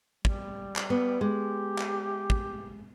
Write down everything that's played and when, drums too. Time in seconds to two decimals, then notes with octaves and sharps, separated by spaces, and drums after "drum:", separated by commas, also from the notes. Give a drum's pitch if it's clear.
0.25 G3, drum: kick
0.76 drum: clap
0.90 B3
1.21 G#3 G4
1.79 drum: clap
2.30 drum: kick